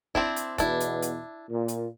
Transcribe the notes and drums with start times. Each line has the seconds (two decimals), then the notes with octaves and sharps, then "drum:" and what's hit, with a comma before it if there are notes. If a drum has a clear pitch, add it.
0.15 C4 D4 E4, drum: kick
0.36 drum: hi-hat
0.58 E2 B2 D4 E4, drum: kick, hi-hat
0.80 drum: hi-hat
1.02 drum: hi-hat
1.49 A#2
1.68 drum: hi-hat